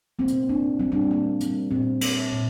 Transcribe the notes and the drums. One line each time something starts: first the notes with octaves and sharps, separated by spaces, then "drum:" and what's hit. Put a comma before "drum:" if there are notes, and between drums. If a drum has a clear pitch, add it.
A#3 C4
drum: hi-hat
A#3 D4
G3 C4
D4
C4
D3 A#3
G3 C4, drum: hi-hat
A#2 C4
A#3, drum: cymbal
A#2